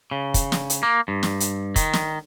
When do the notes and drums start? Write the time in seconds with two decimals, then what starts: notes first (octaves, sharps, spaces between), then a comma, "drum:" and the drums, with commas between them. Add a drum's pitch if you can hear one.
0.11 C#3
0.34 drum: kick, hi-hat
0.52 drum: snare
0.70 drum: hi-hat
0.83 A#3
1.08 G2
1.23 drum: snare
1.40 drum: hi-hat
1.76 D#3, drum: kick, hi-hat
1.93 drum: snare